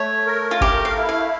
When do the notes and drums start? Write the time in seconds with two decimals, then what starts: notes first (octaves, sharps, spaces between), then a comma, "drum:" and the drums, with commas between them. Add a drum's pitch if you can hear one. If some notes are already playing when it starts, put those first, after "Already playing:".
Already playing: A3 C#5
0.27 A#4
0.51 F4
0.61 A3 G4, drum: kick G1
0.85 F5
0.97 E4
1.09 F5